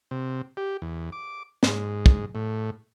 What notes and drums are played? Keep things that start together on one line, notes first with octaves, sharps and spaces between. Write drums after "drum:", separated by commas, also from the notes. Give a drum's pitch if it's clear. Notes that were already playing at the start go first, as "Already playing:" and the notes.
C3
G4
E2
D6
G#2, drum: snare
drum: kick
A2